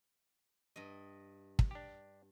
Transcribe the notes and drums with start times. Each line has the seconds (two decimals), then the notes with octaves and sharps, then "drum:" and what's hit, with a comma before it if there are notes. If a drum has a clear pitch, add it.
0.76 G2 D#5
1.59 drum: kick
1.71 D4 G4